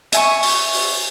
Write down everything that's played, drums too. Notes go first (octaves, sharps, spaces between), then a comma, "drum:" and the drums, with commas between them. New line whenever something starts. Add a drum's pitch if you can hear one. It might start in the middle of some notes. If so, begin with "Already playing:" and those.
E5 G#5 C#6, drum: hi-hat
drum: open hi-hat
drum: open hi-hat